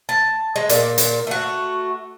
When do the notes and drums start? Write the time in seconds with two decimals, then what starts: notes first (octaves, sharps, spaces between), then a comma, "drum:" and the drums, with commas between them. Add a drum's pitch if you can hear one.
0.09 A5
0.56 G#3
0.69 A#2, drum: hi-hat
0.98 drum: hi-hat
1.27 A3 F#4